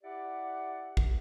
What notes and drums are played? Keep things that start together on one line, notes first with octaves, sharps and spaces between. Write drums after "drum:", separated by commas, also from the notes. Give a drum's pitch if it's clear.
E4 G4 D5 F#5
drum: kick